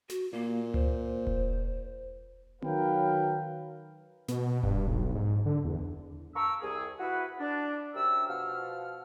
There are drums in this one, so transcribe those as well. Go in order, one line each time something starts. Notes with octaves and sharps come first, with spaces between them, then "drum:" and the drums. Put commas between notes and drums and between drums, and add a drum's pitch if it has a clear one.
F#4, drum: snare
A#2 A#3
C5, drum: tom C#2
drum: kick E1
D#3 F#3 A#4 B4 F5 G5, drum: tom B3
B2, drum: snare
G2, drum: kick E1
B1
G#2
D3
E2
F5 A5 A#5 C#6 D6 E6
C2 G#4
E4 F#4 B4
D4
F#2 C3 G4 A#4 E6
B2 F3 F5 F#5 F6